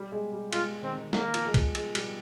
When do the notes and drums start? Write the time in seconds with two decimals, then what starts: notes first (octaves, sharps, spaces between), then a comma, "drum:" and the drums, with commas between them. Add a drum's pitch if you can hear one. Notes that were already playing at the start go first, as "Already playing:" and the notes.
Already playing: G3
0.12 G#3
0.32 G3
0.53 G#3 F4, drum: cymbal
0.68 G3
0.83 D#3 C4
0.98 D#3
1.13 D#3 A#3, drum: snare
1.34 F3, drum: cymbal
1.46 G#3
1.54 G3, drum: kick, cymbal
1.75 G#3, drum: cymbal
1.95 G3, drum: cymbal